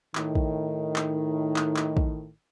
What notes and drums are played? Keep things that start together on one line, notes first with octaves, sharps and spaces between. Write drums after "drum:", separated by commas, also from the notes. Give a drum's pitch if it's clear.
A2 D#3, drum: clap
drum: kick
drum: clap
drum: clap
drum: clap
drum: kick